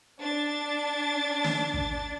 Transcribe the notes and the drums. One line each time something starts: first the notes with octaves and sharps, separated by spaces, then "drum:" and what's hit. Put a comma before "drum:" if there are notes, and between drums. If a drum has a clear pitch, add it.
D4 A6
drum: snare
drum: kick